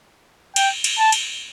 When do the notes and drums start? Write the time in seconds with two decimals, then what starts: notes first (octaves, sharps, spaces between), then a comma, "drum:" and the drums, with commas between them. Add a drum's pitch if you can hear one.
0.56 G5, drum: cymbal
0.84 drum: cymbal
0.98 A5
1.12 drum: cymbal